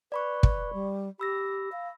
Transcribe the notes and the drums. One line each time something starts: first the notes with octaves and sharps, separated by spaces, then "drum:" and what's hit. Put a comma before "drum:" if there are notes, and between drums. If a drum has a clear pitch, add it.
B4 D5 B5 C#6
drum: kick
G3
G4 B5 E6 A#6
F5